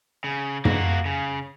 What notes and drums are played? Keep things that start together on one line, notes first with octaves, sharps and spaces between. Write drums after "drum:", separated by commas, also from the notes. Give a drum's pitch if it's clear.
C#3
A#3 F#4, drum: tom
C#3